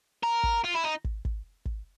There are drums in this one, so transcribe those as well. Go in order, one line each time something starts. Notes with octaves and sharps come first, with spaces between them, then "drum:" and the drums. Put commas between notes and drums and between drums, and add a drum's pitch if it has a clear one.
A#4
drum: kick
F4
E4
D#4
drum: kick
drum: kick
drum: kick